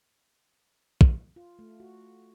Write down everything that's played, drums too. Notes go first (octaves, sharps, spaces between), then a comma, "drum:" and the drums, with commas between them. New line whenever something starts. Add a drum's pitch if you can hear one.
drum: kick
F4
A3
F#4